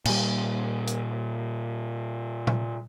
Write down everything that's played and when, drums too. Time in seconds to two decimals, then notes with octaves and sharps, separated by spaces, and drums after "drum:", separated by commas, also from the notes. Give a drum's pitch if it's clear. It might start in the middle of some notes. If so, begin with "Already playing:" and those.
0.05 A#2 G3, drum: cymbal
0.87 drum: hi-hat
2.47 drum: tom A#2